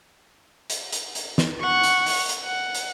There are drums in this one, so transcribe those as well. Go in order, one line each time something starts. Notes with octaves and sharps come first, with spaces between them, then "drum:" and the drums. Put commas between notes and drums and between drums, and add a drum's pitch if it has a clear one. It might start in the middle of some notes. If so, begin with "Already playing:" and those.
drum: hi-hat
drum: hi-hat
drum: hi-hat
drum: snare
F#5 C#6
drum: hi-hat
drum: open hi-hat
drum: hi-hat
F#5
drum: hi-hat